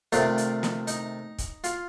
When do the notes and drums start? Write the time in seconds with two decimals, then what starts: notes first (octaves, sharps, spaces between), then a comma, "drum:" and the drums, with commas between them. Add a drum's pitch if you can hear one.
0.12 C3 D#3 A3 D4 F4, drum: hi-hat
0.38 drum: hi-hat
0.63 drum: snare
0.87 D#4, drum: hi-hat
1.38 drum: kick C#1, hi-hat
1.64 F4, drum: hi-hat